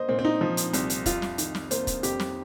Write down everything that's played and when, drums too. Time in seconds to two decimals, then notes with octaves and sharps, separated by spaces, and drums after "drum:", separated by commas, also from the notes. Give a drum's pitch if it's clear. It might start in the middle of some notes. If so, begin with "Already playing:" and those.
Already playing: A#3 C5 D#5
0.09 A#2 C4
0.19 C4
0.25 D#4
0.41 F3
0.57 drum: hi-hat
0.73 C2, drum: hi-hat
0.90 drum: hi-hat
1.06 F2 F4, drum: kick, hi-hat
1.22 drum: snare
1.38 D#3, drum: hi-hat
1.55 drum: snare
1.71 A#3 C5, drum: hi-hat
1.87 drum: kick, hi-hat
2.03 F2 G4, drum: hi-hat
2.20 drum: snare